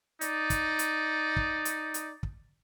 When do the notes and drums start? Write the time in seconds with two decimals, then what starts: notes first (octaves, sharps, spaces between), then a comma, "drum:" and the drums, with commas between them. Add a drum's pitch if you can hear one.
0.21 D#4 D5, drum: hi-hat
0.50 drum: kick, hi-hat
0.79 drum: hi-hat
1.36 drum: kick
1.65 drum: hi-hat
1.94 drum: hi-hat
2.23 drum: kick